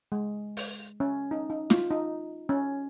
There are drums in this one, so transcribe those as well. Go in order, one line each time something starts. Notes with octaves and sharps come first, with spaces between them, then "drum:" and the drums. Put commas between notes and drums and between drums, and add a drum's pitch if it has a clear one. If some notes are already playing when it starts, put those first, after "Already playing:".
G#3
drum: open hi-hat
C#4
D#4
D#4
F4, drum: snare
D#4
C#4